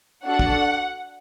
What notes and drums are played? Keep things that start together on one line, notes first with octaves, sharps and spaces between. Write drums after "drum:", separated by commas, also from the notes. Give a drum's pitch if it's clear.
D4 F#4 A4 F#5
drum: kick